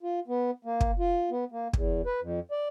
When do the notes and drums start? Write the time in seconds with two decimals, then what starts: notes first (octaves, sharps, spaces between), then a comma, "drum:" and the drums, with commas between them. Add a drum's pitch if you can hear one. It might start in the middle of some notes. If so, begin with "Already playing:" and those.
0.03 F4
0.28 B3
0.65 A#3
0.81 drum: kick
0.99 F4
1.31 B3
1.52 A#3
1.73 E2, drum: kick
2.06 B4
2.21 F2
2.51 D5